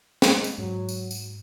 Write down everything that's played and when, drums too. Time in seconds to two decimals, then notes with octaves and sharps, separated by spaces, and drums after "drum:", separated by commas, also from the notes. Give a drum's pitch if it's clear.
0.22 G#3, drum: snare
0.44 drum: tambourine
0.58 G#2 F#3
0.89 drum: tambourine
1.11 drum: tambourine